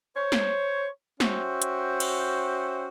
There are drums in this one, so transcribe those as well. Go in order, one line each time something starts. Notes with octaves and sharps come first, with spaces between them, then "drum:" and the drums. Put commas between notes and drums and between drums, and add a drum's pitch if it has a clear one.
C5 C#5
drum: snare
C#4 F#4 C5 E5 G5, drum: snare
drum: hi-hat
drum: cymbal